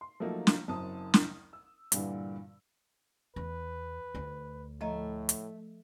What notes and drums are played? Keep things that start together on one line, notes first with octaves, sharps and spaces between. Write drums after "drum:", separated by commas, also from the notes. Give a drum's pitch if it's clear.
C6
F3 F#3 A3 A#3 D#4
drum: snare
F#1 F#2 C4 A5 D#6
drum: snare
E6
G2 A#2 D3 E3 G3, drum: hi-hat
E2 B4
D2
A2 F3 A3 D#5 A#5
drum: hi-hat